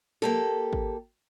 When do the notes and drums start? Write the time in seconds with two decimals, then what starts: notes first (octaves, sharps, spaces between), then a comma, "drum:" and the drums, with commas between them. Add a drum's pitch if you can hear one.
0.22 A#3 G4 A4, drum: snare
0.73 drum: kick G#1